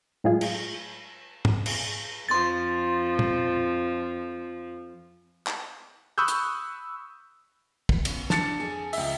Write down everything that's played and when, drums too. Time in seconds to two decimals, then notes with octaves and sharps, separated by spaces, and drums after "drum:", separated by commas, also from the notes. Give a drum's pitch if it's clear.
0.24 A2 F#3 G#3 A3 F4 G#4
0.41 drum: cymbal
1.45 drum: tom
1.66 drum: cymbal
2.29 F2 F3 C6 A6
3.19 drum: tom
5.47 drum: clap
6.18 B5 C#6 D#6 E6 F#6 G6
6.28 drum: hi-hat
7.89 drum: kick
8.05 B3 C#4 F4, drum: cymbal
8.30 C#3 D4 A5 A6 C#7, drum: snare
8.60 F2 G#4 G#5
8.93 C#2 E5, drum: open hi-hat